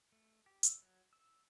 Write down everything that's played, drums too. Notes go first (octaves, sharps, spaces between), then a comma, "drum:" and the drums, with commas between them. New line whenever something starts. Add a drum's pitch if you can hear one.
A3
G4
E6, drum: hi-hat
F#3
E6